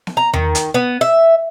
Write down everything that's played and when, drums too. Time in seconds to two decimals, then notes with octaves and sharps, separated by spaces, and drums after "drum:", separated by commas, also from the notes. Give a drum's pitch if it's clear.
0.07 drum: snare B3
0.17 A#5
0.34 D#3, drum: tom E2
0.55 drum: hi-hat
0.74 B3
1.01 E5